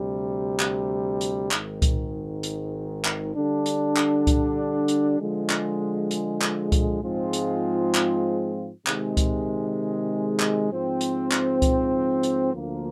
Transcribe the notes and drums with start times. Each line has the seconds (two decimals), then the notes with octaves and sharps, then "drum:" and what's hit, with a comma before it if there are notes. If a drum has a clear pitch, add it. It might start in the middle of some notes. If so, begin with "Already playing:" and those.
Already playing: D2 C3 G3
0.60 drum: clap
1.21 drum: hi-hat
1.51 G#1 G#2 D#3, drum: clap
1.82 drum: kick C2, hi-hat
2.43 drum: hi-hat
3.05 drum: clap
3.35 D3 G3 D4
3.66 drum: hi-hat
3.96 drum: clap
4.27 drum: kick C2, hi-hat
4.88 drum: hi-hat
5.19 D3 F3 G#3
5.50 drum: clap
6.11 drum: hi-hat
6.41 drum: clap
6.72 drum: kick C2, hi-hat
7.02 G#2 F3 G#3 C4 F4
7.33 drum: hi-hat
7.95 drum: clap
8.87 C3 D#3 G#3, drum: clap
9.17 drum: kick C2, hi-hat
10.40 drum: clap
10.71 G#2 F3 C4
11.01 drum: hi-hat
11.31 drum: clap
11.62 drum: kick C2, hi-hat
12.23 drum: hi-hat
12.54 D2 D3 F3 A#3